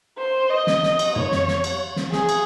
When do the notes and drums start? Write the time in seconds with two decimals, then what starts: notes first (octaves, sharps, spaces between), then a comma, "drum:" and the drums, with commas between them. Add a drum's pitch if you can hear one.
0.19 C5
0.50 D#5
0.67 drum: snare
0.83 drum: snare
0.99 drum: cymbal
1.16 C#5, drum: tom
1.32 drum: snare
1.48 drum: snare
1.64 drum: cymbal
1.96 drum: snare
2.12 G#4, drum: snare
2.29 drum: cymbal